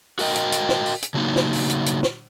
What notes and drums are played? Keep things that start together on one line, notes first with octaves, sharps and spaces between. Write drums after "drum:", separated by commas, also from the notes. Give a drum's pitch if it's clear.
F#4 A#4 D#5 G5, drum: open hi-hat
drum: hi-hat
drum: hi-hat
drum: snare
drum: open hi-hat
drum: hi-hat
C#3 F#3 A#3 D#4
drum: snare
drum: open hi-hat
drum: hi-hat
drum: hi-hat
drum: snare